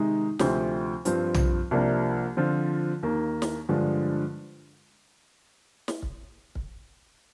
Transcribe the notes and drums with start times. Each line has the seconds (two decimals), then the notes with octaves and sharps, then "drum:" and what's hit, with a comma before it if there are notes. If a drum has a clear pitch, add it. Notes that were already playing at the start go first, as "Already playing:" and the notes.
Already playing: C3 D#3 G#3 D#4
0.39 D2 C3 F3 C4 G4, drum: snare
1.05 G2 F3 C4, drum: hi-hat
1.34 drum: tom
1.71 C2 C3 F3 A#3 D4
2.37 D3 F3 C4 F4
3.03 D#2 D#3 A#3
3.42 drum: snare
3.69 G2 D3 F3 G#3 D4
5.88 drum: snare
6.02 drum: kick
6.55 drum: kick